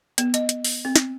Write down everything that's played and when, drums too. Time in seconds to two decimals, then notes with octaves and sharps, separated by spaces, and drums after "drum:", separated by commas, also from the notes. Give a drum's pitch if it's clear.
0.18 B3, drum: hi-hat
0.34 D#5, drum: hi-hat
0.49 drum: hi-hat
0.64 drum: open hi-hat
0.85 C4
0.96 drum: snare